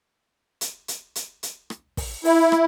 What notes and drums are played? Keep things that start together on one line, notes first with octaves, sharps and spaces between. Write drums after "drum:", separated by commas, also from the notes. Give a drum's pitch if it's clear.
drum: hi-hat
drum: hi-hat
drum: hi-hat
drum: hi-hat
drum: rim click
drum: kick, open hi-hat
E4, drum: open hi-hat
drum: rim click